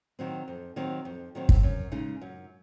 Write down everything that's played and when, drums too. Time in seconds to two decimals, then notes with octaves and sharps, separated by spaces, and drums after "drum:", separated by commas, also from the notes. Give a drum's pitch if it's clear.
0.19 D#3 F#3 C4
0.48 F2
0.76 D#3 F#3 C4
1.05 F2
1.35 D#3 F#3 C4
1.49 drum: kick
1.63 F#2
1.92 C#3 G#3 D#4
2.21 F#2